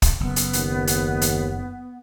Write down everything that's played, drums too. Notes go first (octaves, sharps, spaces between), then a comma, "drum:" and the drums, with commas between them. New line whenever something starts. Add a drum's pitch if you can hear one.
drum: kick, hi-hat
F#1 B3
drum: hi-hat
D#2, drum: hi-hat
drum: hi-hat
drum: hi-hat